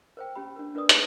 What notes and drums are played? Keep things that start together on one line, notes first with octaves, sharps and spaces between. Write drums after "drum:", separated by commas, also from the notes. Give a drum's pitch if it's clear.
A#4 C5 G5
C#4 G4 B5
D4 A#4
D4 A#4 B4 D5 D#6
D#4 B4 C#5 E6, drum: hi-hat